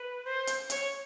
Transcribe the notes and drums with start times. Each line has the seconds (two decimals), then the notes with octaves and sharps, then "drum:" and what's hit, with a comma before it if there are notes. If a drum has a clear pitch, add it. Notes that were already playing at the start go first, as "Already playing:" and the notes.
Already playing: B4
0.25 C5
0.47 drum: hi-hat
0.70 C#5, drum: hi-hat